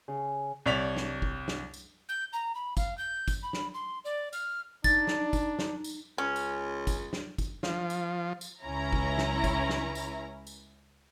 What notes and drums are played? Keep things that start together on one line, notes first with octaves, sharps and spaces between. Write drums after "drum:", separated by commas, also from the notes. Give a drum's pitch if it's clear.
C#3
C2 C#5 D5 B6 F7
drum: snare
drum: kick G1
drum: snare
drum: tambourine
G6
A#5
B5
F5, drum: kick G1, tambourine
G6
drum: kick G1, tambourine
B5
drum: snare
C6
D5
F6, drum: tambourine
D4 D#4 A6, drum: kick G1, tambourine
drum: snare
drum: kick G1, tambourine
drum: snare
drum: tambourine
C#2 C#4
drum: tambourine
drum: kick G1, tambourine
drum: snare
drum: kick G1, tambourine
F3, drum: snare
drum: tambourine
drum: tambourine
C#2 C#4 E4 A#5
drum: kick G1
drum: snare
drum: kick G1, tambourine
drum: snare
drum: tambourine
drum: tambourine